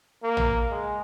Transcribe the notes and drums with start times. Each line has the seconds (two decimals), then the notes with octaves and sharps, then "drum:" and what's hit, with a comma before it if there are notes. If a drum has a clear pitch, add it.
0.23 A#3
0.37 drum: tom
0.71 G#3